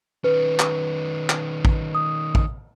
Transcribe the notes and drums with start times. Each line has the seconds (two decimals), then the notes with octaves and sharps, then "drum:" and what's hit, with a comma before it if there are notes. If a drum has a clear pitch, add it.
0.24 D#3 C#4 B4
0.59 drum: clap
1.30 drum: clap
1.65 drum: kick
1.95 D#6
2.35 drum: kick